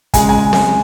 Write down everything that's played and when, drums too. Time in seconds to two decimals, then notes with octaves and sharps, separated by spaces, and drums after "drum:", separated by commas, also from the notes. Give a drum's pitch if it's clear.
0.14 C#3 G#3 G#5, drum: kick, hi-hat
0.29 G#5
0.53 drum: snare C4